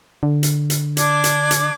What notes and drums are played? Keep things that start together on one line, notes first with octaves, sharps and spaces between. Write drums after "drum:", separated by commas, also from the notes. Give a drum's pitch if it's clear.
D3
drum: hi-hat
drum: hi-hat
D4 D6 G#6, drum: hi-hat
drum: hi-hat
drum: hi-hat